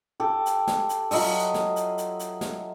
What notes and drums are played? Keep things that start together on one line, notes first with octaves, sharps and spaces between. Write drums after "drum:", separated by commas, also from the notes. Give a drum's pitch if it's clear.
G4 A4
drum: hi-hat
drum: snare
drum: hi-hat
F#3 F4 D#5 E5, drum: open hi-hat
drum: snare
drum: hi-hat
drum: hi-hat
drum: hi-hat
drum: snare